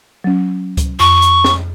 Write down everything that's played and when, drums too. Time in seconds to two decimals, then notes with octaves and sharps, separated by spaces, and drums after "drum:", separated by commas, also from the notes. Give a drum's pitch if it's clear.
0.24 F#3 C#4
0.77 drum: kick C#2, hi-hat
1.00 F2 C#6
1.22 drum: hi-hat
1.44 drum: snare